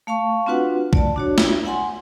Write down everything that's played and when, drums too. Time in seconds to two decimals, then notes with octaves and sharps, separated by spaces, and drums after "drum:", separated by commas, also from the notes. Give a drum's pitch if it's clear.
0.07 A3 F5 A5 C#6
0.46 C4 D4 F4 F#4 B4 F#5
0.93 A3 D5 A5, drum: kick
1.16 D4 F#4 C#5
1.38 drum: snare
1.65 F#5 G#5 C6